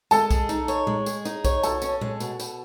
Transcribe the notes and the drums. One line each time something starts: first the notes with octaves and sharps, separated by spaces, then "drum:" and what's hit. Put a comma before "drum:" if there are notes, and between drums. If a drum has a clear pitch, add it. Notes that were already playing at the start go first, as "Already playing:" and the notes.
G#3 A4 A5, drum: tambourine
G#4, drum: kick B1, tambourine
D#4, drum: tambourine
C#5, drum: tambourine
G#3, drum: tom A#2
G#4, drum: tambourine
D#4, drum: tambourine
C#5, drum: kick B1, tambourine
B2 A4 A5, drum: tambourine
C#4, drum: tambourine
G#3, drum: tom A#2
B2, drum: tambourine
B2, drum: tambourine